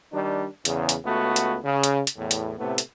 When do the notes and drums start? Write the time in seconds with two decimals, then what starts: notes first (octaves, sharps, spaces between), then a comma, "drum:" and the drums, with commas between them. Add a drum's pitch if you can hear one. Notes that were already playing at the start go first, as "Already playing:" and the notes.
0.13 D#3 G3 D4
0.65 E2 C#3, drum: hi-hat
0.89 drum: hi-hat
1.05 C#2 A3 B3 F#4
1.36 drum: hi-hat
1.63 C#3
1.83 drum: hi-hat
2.07 drum: hi-hat
2.17 E2 A2
2.31 drum: hi-hat
2.58 A2 C3 A3 B3
2.78 drum: hi-hat